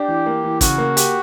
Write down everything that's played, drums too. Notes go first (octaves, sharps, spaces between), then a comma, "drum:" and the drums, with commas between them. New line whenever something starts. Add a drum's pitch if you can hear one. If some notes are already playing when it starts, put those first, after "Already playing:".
Already playing: D4 G4
E3
A#3
E3
C#3 F#4, drum: kick, hi-hat
A#3
G4, drum: hi-hat